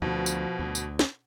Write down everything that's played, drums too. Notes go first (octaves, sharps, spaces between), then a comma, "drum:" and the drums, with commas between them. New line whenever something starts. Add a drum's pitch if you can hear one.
D2 B2 F3
drum: tambourine
D2
drum: tambourine
drum: snare